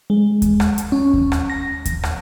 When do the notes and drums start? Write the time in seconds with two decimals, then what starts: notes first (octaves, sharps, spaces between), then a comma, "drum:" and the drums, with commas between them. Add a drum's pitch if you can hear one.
0.10 G#3
0.42 drum: kick D#2, hi-hat
0.60 drum: rim click
0.78 drum: hi-hat
0.92 C#4
1.14 drum: kick D#2
1.32 drum: rim click
1.50 A#6
1.85 drum: kick D#2, hi-hat
2.03 drum: rim click